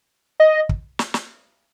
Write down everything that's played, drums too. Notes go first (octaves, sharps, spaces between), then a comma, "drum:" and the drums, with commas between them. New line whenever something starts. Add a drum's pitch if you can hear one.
D#5
drum: kick
drum: snare
drum: snare